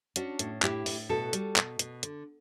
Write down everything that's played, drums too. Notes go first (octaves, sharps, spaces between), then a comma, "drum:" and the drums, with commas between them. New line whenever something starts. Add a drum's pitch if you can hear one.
C#4 D4 F#4, drum: hi-hat
A2, drum: hi-hat
A2 E4 G4, drum: clap
A2, drum: open hi-hat
B2 F#4 A4
G3, drum: hi-hat
B2, drum: clap
B2, drum: hi-hat
D3, drum: hi-hat